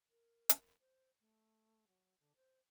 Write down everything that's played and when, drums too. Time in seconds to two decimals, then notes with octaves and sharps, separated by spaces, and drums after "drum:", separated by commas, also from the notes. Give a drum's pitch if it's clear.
0.10 A#4
0.49 drum: hi-hat
0.80 C5
1.20 A3
1.88 F#3
2.20 D3
2.36 C5